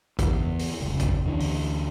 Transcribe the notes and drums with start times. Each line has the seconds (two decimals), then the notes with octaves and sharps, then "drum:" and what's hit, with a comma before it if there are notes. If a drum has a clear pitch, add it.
0.19 E2, drum: kick, hi-hat
0.59 drum: open hi-hat
0.80 F1 C#2
1.00 drum: kick, hi-hat
1.25 D2 D3 E3
1.40 drum: open hi-hat